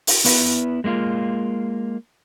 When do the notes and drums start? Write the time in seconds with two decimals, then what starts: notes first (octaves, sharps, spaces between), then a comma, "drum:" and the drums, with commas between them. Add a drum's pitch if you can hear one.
0.07 drum: open hi-hat
0.25 B3 E4 B4, drum: open hi-hat
0.84 G#3 A#3 E4 F4